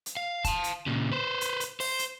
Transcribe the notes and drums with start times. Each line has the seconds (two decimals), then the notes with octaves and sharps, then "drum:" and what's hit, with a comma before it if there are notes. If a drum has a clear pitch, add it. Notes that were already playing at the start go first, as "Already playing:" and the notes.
0.06 drum: hi-hat
0.17 F5
0.44 F5 A5, drum: kick F1, hi-hat
0.64 drum: hi-hat
0.86 A#2 C#3
1.12 B4 C5
1.41 drum: hi-hat
1.60 drum: hi-hat
1.80 C5, drum: open hi-hat
1.99 drum: hi-hat